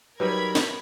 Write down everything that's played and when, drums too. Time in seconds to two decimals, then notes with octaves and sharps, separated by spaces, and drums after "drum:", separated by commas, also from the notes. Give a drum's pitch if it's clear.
0.20 F#3 G3 D#4 A#4 B4 B5 G#6
0.55 drum: snare